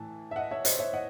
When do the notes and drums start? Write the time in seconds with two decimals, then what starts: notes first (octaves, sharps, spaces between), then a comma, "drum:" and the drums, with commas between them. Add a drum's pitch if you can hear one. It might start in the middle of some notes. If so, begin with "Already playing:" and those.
Already playing: A2 E3 A5
0.31 E5
0.36 D#5 F#5
0.51 C#5 E5
0.65 C5 D#5, drum: hi-hat
0.79 C#5 E5
0.93 D#5 F#5